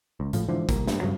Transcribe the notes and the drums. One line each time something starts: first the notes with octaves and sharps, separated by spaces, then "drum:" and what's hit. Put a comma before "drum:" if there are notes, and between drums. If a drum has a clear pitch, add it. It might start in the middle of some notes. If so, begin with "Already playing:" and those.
C#2
G#1 A2 F3, drum: hi-hat
G#2 D3 E3 F3
C2 A#3, drum: kick, hi-hat
G2, drum: snare
G2 C#3 F#3